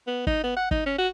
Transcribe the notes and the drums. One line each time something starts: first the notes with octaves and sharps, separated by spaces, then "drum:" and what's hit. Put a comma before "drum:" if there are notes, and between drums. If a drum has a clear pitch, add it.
B3
D#4, drum: kick
B3
F#5
D#4, drum: kick
C#4
F#4